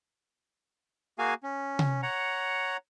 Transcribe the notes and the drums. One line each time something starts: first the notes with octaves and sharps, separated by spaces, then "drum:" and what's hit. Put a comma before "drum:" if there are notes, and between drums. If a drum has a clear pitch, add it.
A#3 F#4 G#4 F5 G#5
C#4
drum: tom C3
C#5 F#5 A#5